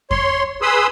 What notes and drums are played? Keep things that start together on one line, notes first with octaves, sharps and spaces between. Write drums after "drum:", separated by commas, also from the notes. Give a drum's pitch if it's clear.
C#5 C6, drum: kick F2
G#4 B4 B5 C6 D#6 E6